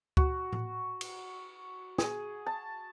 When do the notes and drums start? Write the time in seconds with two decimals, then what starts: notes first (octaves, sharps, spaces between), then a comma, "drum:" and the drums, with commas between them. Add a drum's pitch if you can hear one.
0.17 F#4, drum: kick C#2
0.53 drum: tom A2
1.01 drum: cymbal
1.98 G#4, drum: snare
2.46 A5